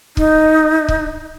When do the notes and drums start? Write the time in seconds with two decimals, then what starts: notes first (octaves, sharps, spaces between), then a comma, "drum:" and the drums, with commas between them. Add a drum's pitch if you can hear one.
0.17 D#4, drum: kick
0.88 drum: kick